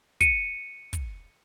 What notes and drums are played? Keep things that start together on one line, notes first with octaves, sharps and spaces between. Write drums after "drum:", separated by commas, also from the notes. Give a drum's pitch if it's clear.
C#7 D#7, drum: kick, hi-hat
drum: kick, hi-hat